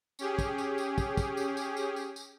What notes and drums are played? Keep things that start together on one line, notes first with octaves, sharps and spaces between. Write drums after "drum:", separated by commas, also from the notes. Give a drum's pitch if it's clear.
C#4 G4 G#4, drum: tambourine
drum: kick, tambourine
drum: tambourine
drum: tambourine
drum: kick, tambourine
drum: kick, tambourine
drum: tambourine
drum: tambourine
drum: tambourine
drum: tambourine
drum: tambourine